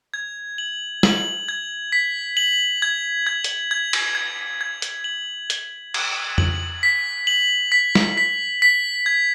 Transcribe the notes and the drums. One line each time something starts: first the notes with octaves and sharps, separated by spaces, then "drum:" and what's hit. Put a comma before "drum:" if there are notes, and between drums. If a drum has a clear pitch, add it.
G#6
F#7
F#7, drum: snare
G#6
B6
F#7
G#6
G#6
drum: hi-hat
G#6
drum: cymbal
G#6
G#6
drum: hi-hat
F#7
F#7, drum: hi-hat
G#6, drum: cymbal
F#7, drum: tom F2
B6
F#7
B6
drum: snare
B6
B6
G#6